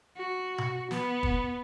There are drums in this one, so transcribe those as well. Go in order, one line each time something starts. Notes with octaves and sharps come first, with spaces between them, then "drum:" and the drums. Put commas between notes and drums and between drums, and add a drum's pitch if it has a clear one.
F#4
drum: tom B2
B3, drum: snare
drum: kick